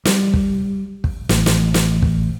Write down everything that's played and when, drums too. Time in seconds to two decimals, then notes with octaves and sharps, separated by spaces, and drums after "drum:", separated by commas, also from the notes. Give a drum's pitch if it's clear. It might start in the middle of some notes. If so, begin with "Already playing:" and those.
0.05 G3, drum: snare
0.34 drum: kick
1.04 drum: kick
1.29 A1, drum: snare
1.46 drum: snare
1.74 drum: snare
2.02 drum: kick